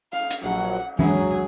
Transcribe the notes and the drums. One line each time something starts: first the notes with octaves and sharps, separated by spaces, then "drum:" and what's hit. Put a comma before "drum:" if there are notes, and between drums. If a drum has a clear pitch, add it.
F5, drum: cymbal
drum: hi-hat
A#1 F#3 F#5
F#3 G#3 D4 G#4 E5, drum: tom E3